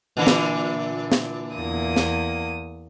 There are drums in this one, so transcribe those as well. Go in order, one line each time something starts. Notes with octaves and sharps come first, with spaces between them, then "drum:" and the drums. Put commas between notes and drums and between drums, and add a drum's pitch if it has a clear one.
A#2 D3 E3
drum: snare
drum: snare
E2 A#3 D#6
drum: snare